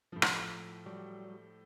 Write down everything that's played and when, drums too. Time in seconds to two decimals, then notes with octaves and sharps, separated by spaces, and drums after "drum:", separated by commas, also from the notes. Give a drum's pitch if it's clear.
0.12 A2 F3
0.22 drum: rim click
0.86 F#3 G3